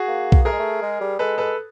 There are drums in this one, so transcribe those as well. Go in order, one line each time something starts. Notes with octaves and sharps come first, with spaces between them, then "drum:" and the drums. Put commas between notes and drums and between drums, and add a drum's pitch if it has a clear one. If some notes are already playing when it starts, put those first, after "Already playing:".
Already playing: F#4 G#4
A#3
drum: kick B1
A3 G#4 A#4
G#3
A3
G#3
G3
G#3 A4 B4
A4 B4